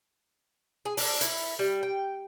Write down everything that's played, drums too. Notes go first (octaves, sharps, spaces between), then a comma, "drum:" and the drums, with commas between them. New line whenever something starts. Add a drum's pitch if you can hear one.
G#4
D4, drum: open hi-hat
E4, drum: hi-hat
G3
G5